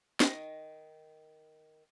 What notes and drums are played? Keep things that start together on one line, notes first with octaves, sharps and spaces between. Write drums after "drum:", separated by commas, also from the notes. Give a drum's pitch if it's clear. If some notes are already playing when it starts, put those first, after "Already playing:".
D#3 D#5, drum: snare